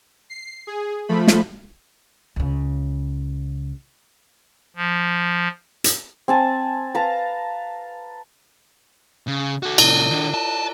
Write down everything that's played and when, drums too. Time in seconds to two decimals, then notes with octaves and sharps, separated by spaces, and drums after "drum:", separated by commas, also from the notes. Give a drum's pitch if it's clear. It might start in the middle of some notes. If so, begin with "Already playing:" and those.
0.30 C7
0.67 G#4
1.08 F3 A3 B5
1.28 drum: snare
2.36 C#2 C#3
4.76 F3
5.84 drum: hi-hat
6.28 C4 G#5 A5
6.95 B4 F5 A5 A#5
9.28 C#3
9.63 F#4 A4
9.78 A#2 C#3, drum: cymbal
10.10 D#3 D4
10.34 A5